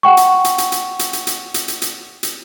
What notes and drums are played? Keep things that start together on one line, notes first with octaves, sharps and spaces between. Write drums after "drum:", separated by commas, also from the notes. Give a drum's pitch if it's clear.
F#5 G5 C#6
drum: hi-hat
drum: hi-hat
drum: hi-hat
drum: hi-hat
drum: hi-hat
drum: hi-hat
drum: hi-hat
drum: hi-hat
drum: hi-hat
drum: hi-hat
drum: hi-hat